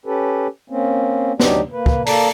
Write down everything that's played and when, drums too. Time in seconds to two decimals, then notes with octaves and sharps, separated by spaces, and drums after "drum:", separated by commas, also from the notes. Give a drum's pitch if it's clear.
0.06 C#4 G4 A4 B4
0.70 A#3 C4 C#4
1.40 D2 F#3 D4 D#4 G4 D5, drum: snare
1.72 A#3 B4
1.86 drum: kick
2.06 A#3 A4 D5 A5 A#5, drum: open hi-hat